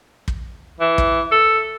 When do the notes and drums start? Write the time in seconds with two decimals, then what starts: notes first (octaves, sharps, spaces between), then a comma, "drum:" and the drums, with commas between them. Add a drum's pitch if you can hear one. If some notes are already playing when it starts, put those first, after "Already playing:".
0.28 drum: kick
0.80 E3
0.98 drum: kick
1.32 A4